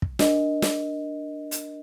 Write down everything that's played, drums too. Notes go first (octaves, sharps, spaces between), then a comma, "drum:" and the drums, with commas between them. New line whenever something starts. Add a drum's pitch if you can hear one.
drum: kick
D4 A#4 D#5, drum: snare
drum: snare
drum: hi-hat